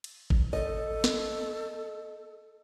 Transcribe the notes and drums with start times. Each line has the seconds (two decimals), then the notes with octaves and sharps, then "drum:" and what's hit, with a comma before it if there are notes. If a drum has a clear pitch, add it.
0.04 drum: cymbal
0.30 drum: kick
0.53 A4 D#5
1.04 drum: snare